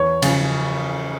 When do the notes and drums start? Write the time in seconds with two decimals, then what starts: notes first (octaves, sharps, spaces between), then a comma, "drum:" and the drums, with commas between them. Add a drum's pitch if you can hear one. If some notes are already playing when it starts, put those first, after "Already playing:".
Already playing: E2 C#5
0.22 C#3 F3, drum: cymbal